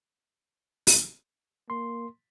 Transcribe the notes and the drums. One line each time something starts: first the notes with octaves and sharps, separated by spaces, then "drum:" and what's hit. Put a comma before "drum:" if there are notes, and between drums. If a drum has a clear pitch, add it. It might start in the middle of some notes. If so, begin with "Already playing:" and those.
drum: open hi-hat
A#3 C6